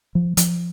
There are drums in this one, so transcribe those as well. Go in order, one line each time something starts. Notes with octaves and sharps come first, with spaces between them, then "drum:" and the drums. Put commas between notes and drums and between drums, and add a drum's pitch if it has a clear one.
F3
F3, drum: hi-hat